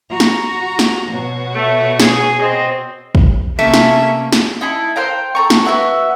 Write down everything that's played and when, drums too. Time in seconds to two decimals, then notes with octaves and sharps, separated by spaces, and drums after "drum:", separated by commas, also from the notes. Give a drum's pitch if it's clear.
0.10 F#4 A#5
0.20 drum: snare
0.79 drum: snare
1.08 B2 F#4 C#5
1.54 A3
2.00 G#4, drum: snare
2.40 C4 D#5
3.15 drum: kick
3.59 C3 A3 A#3 C#4 E5
3.74 drum: snare
4.32 drum: snare
4.61 D#4 E4 A4
4.96 C5 F5 G5 A#5
5.35 A4 A#5 C#6
5.50 drum: snare
5.65 F#4 B4 E5 F#5